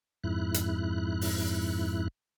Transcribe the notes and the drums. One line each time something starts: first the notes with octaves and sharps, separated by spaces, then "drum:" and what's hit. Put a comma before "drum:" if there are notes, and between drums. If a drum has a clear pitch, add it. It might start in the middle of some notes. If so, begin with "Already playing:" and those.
F2 G#2 E4 F#6
drum: hi-hat
drum: open hi-hat